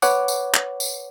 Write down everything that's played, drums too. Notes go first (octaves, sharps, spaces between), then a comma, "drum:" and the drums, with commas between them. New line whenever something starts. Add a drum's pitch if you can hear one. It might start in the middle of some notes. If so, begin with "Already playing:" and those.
B4 C#5 F#5 D6, drum: tambourine
drum: tambourine
drum: clap
drum: tambourine